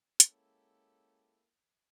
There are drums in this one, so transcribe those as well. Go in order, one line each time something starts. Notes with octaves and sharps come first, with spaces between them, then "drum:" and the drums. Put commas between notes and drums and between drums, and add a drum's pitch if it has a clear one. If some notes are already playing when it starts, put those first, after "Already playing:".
G#3 A#3 C#4 E4 G4 A4, drum: hi-hat